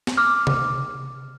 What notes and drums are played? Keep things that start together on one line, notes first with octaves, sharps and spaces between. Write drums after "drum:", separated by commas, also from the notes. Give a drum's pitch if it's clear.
drum: snare
D6 F6
drum: tom C3